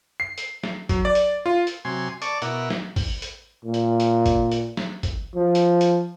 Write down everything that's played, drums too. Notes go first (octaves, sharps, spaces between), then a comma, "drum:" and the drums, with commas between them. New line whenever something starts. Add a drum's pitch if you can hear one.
C7
drum: hi-hat
drum: snare
F#3, drum: kick G#1, hi-hat
D5
drum: hi-hat
F4
drum: hi-hat
C3 F#3 G#5 C6
D5 A5 C#6 D6, drum: hi-hat
B2 E4 A#4 F#5, drum: hi-hat
drum: snare
drum: kick G#1, open hi-hat
drum: hi-hat
A#2
drum: hi-hat
drum: hi-hat
drum: kick G#1, hi-hat
drum: hi-hat
drum: snare
drum: kick G#1, hi-hat
F3
drum: hi-hat
drum: hi-hat